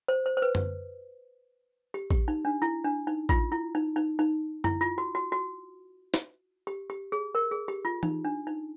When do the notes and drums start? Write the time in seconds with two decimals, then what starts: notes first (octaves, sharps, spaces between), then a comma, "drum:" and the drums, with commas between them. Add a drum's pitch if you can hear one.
0.08 C5
0.26 C5
0.37 C5
0.42 B4
0.55 drum: tom F#2
1.94 G4
2.10 G4, drum: kick A1
2.28 D#4
2.45 D4
2.62 E4
2.84 D4
3.07 D#4
3.29 F4, drum: kick A1
3.52 E4
3.75 D#4
3.96 D#4
4.19 D#4
4.64 E4, drum: tom F#2
4.81 F4
4.98 F#4
5.15 F#4
5.32 F#4
6.14 drum: snare
6.67 G4
6.90 G4
7.12 G#4
7.35 A#4
7.51 G#4
7.68 G4
7.85 F4
8.03 D#4, drum: tom E3
8.25 D4
8.47 D#4